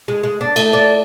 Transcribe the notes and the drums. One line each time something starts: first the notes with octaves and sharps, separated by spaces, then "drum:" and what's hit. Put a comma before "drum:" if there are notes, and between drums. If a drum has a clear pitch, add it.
G#3
G#3
D4
A3, drum: cymbal
D5